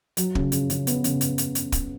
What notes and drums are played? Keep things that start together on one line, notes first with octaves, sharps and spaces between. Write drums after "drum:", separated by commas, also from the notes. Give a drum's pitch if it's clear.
F#3, drum: hi-hat
C#3, drum: kick
C#3, drum: hi-hat
C#3, drum: hi-hat
B3, drum: hi-hat
C#3, drum: hi-hat
drum: hi-hat
drum: hi-hat
drum: hi-hat
drum: kick, hi-hat